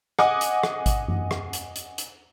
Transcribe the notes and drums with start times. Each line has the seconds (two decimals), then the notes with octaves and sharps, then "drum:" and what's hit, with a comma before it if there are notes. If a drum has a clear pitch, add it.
0.19 D#5 F#5 G#5 D6 D#6, drum: rim click
0.41 drum: hi-hat
0.63 drum: rim click
0.86 drum: kick G#1, hi-hat
1.08 drum: tom F#2
1.31 drum: rim click
1.53 drum: hi-hat
1.76 drum: hi-hat
1.98 drum: hi-hat